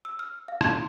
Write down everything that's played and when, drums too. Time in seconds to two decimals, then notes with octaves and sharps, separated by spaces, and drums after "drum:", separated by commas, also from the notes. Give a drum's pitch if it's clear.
0.05 E6
0.19 F6
0.48 F5
0.61 C6, drum: rim click